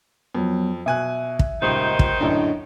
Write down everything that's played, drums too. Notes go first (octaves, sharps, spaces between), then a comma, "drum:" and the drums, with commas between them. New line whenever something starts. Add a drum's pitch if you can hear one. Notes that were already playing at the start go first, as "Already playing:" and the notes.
F2 F#3 B3
B2 E5 G#5 F#6
drum: kick
D#1 C#2 D#3 D#4 C5
drum: kick
F#2 A2 D3 D4 D#5